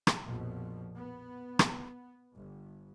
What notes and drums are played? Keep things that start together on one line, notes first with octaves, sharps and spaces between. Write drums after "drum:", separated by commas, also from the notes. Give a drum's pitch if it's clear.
drum: rim click
A#1 F2 B2 F3
B3
drum: rim click
G1